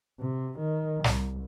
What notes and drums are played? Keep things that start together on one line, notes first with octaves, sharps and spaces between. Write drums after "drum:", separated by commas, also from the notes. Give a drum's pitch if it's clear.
C3
D#3
C2, drum: snare